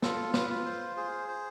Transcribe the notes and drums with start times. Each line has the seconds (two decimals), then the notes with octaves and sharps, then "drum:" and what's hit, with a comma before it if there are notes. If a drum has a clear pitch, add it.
0.02 F4 A4, drum: snare
0.34 B4, drum: snare
0.50 F4
0.66 C5
0.97 G#4 C5
1.28 C5